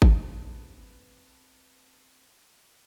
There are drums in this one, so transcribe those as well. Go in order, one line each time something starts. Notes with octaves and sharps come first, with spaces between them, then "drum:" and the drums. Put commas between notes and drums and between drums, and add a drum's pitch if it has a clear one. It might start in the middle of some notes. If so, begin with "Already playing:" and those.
C4 B4 A5, drum: kick G#1